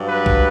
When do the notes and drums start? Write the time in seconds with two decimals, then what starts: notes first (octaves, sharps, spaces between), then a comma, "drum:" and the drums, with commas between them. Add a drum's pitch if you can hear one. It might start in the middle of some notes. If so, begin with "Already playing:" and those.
Already playing: G2 F#3
0.08 B4
0.26 drum: kick